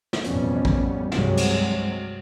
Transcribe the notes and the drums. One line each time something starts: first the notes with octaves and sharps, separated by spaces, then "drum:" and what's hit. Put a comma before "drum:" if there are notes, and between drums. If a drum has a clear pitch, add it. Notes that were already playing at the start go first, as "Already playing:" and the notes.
drum: snare
A1 F2 B2 G3 B3 C#4, drum: hi-hat
drum: kick
C2 G2 C3 F#3 G#3, drum: snare
drum: cymbal